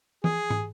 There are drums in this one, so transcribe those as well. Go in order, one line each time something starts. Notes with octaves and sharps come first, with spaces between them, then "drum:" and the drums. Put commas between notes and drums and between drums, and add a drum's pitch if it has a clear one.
G#4, drum: tom E3
drum: tom